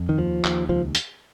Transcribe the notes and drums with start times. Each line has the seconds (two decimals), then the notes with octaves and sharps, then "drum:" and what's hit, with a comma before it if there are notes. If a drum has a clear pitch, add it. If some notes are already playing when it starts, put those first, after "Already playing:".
Already playing: F2
0.09 D#3
0.18 D#2 F3
0.44 D#2, drum: clap
0.69 C#2 F3
0.95 drum: hi-hat